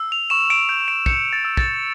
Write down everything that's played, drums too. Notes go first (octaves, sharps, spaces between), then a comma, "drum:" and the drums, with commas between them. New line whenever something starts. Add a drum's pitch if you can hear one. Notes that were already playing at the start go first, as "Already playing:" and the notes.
Already playing: E6
F7
C#6 E7
D7
G6 D7
D7
G6 C#7, drum: kick
A6
E6
A6, drum: kick